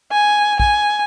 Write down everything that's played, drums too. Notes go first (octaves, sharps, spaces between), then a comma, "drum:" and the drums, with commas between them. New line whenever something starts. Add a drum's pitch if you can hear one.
G#5
G#5, drum: kick